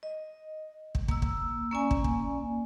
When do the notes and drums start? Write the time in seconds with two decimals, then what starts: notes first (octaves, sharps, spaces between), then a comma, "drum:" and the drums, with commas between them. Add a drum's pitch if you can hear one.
0.03 D#5
0.95 drum: kick
1.08 A#3 E6, drum: kick
1.22 drum: kick
1.72 A#3 C#4 D5 G#5
1.91 drum: kick
2.04 drum: kick